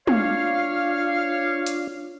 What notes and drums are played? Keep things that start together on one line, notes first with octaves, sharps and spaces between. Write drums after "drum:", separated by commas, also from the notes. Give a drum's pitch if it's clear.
D4 F4 C#5 F5, drum: tom
drum: hi-hat